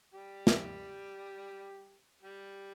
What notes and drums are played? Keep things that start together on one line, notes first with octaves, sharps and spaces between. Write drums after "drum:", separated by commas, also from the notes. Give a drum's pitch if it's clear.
G3 G4
drum: snare
G3 G4